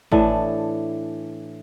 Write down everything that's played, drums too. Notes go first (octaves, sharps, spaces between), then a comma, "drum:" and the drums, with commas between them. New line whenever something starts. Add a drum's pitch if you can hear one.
A2 E3 A3 D4, drum: kick G#1